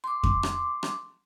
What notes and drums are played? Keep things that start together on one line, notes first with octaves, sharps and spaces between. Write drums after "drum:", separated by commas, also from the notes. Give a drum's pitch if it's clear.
C6 D6
drum: kick F2
drum: rim click
drum: rim click